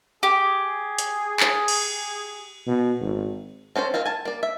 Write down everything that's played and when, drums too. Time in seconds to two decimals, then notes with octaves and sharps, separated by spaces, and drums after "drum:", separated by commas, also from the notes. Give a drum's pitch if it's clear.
0.23 G4 G#4
0.99 drum: hi-hat
1.40 drum: clap
1.68 drum: cymbal
2.67 B2
3.00 G#1
3.76 C4 C#4 A4 C5
3.94 D#3 A#3 C4 F4
4.06 G#5 A5
4.25 A#3 D5
4.43 E5